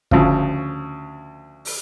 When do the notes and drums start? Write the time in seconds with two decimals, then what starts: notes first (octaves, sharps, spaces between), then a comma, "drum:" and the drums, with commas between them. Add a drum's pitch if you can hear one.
0.11 D2 C#3 F3, drum: kick
1.65 drum: open hi-hat